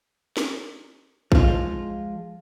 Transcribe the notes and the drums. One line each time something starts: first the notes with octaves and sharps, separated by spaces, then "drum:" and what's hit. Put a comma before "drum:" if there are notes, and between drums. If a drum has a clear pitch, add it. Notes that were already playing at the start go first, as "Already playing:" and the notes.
drum: snare
F3 G#3 F4, drum: kick A#1